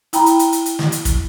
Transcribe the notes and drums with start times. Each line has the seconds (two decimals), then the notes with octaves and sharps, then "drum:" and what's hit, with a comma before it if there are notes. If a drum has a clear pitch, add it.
0.13 E4 G5 A#5 B5, drum: hi-hat
0.26 drum: hi-hat
0.39 drum: hi-hat
0.52 drum: hi-hat
0.66 drum: hi-hat
0.79 drum: snare
0.92 drum: hi-hat
1.05 drum: kick, hi-hat